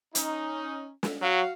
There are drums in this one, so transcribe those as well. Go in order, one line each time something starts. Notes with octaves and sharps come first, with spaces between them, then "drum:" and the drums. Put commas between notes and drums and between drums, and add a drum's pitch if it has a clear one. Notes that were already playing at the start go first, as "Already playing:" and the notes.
C#4 D#4, drum: hi-hat
drum: snare
F#3 F#4 F5